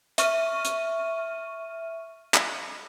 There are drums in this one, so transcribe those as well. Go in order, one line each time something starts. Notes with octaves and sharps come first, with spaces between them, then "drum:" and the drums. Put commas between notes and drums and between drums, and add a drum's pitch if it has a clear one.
E5 C#6 F6 D#7, drum: hi-hat
drum: hi-hat
drum: clap